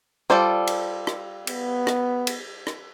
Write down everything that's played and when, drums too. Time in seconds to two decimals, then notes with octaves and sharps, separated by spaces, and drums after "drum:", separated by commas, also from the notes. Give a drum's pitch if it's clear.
0.30 G3 F4 A4 C5 D5
0.67 drum: cymbal
1.07 drum: rim click
1.47 B3, drum: cymbal
1.87 drum: rim click
2.27 drum: cymbal
2.67 drum: rim click